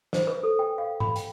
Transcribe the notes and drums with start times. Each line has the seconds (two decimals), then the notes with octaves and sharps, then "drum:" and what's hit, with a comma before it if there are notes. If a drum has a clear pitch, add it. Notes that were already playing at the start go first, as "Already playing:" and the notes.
0.13 C5, drum: snare
0.27 B4
0.43 A4
0.59 G5
0.78 F5
1.00 B5, drum: tom G2
1.16 G5, drum: hi-hat